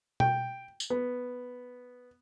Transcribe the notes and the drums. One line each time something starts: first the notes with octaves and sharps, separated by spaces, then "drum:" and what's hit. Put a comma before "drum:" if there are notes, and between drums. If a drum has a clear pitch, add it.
G5, drum: tom B2
drum: tambourine
B3